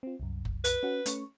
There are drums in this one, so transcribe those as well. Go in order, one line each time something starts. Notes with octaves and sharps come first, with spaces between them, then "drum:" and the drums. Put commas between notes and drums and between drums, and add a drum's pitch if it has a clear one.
C4 F4
C2 F#2
drum: kick F#1
B4, drum: hi-hat
C#4 F#4 F#5
A3 C#4 C#6, drum: hi-hat